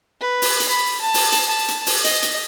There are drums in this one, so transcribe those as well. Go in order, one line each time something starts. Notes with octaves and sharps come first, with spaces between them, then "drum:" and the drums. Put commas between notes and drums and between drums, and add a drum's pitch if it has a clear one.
B4
drum: open hi-hat
drum: hi-hat
B5
A5
drum: open hi-hat
drum: hi-hat
A5
drum: hi-hat
drum: open hi-hat
D#5, drum: hi-hat
drum: hi-hat